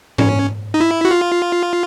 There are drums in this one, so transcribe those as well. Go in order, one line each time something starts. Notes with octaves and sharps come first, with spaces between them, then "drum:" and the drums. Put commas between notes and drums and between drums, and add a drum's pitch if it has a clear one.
C#4, drum: tom G#2
D#4
E4
F#4
F4